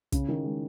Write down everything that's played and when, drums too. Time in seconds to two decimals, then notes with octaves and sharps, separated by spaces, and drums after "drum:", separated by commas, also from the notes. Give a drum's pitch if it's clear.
0.12 C#3, drum: kick, hi-hat
0.29 D#3
0.44 G#3